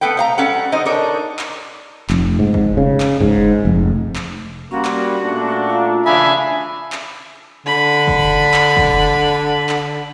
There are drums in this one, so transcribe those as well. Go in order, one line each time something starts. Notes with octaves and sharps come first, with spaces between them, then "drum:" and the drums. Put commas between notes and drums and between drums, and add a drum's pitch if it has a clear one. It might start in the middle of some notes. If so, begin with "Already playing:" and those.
A3 B3 C#4 A4 B4 G5
C5 F5 A#5
G3 C#4 A4 F#5
D3 D#4 C5 D#5
D4 D#4 A4 A#4 C#5
drum: clap
F1, drum: clap
G#2
drum: kick
C#3
drum: clap
G#2, drum: kick
F1
drum: clap
G3 A#3 C#4 F#4 C6
drum: clap
A#2 A3 D4
F4 F5 A#5
C#3 D4 E5 F5 G#5 B5 D#6
drum: clap
D3 B5
drum: kick
drum: clap
drum: kick
drum: clap